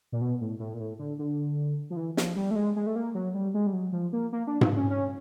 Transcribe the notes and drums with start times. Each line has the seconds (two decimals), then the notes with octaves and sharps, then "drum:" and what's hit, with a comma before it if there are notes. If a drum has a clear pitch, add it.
0.12 A#2
0.21 B2
0.41 A2
0.59 A2
0.74 A#2
0.80 A2
0.99 D3
1.19 D3
1.90 F3
1.97 E3
2.17 F3, drum: snare
2.36 G3
2.51 A3
2.56 G#3
2.76 G#3
2.86 A3
2.96 A#3
3.15 F#3
3.34 G3
3.54 G#3
3.67 G3
3.73 F#3
3.92 F3
4.13 A#3
4.32 A#3
4.47 D4
4.61 drum: tom G#2
4.77 C#4
4.90 C#4